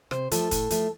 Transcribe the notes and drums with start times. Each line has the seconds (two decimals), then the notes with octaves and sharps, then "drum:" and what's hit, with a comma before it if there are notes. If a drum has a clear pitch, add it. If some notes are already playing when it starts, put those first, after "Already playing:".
0.11 C3 C5, drum: rim click
0.31 F3 A3 A4, drum: hi-hat
0.51 A2, drum: kick, hi-hat
0.70 F3 A3, drum: hi-hat